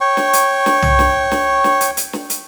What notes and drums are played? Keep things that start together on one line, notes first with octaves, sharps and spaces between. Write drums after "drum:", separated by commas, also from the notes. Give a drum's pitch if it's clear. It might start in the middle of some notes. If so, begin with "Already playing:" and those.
C#5 G5 C#6
drum: snare
drum: hi-hat
drum: snare
drum: tom
drum: snare
drum: snare
drum: snare
drum: hi-hat
drum: hi-hat
drum: snare
drum: hi-hat